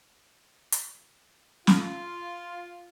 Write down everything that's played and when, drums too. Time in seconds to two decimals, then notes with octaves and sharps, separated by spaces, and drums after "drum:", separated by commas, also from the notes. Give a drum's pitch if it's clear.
0.72 drum: hi-hat
1.67 F4, drum: snare